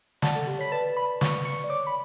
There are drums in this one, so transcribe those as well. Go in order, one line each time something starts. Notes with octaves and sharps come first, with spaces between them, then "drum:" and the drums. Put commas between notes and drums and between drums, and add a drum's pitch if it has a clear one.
D5 F#5 A5, drum: snare
A4
G4
C#5 B5
B4 D5 A5
B5
C#6, drum: snare
C#6
D5
C#5 D6
B5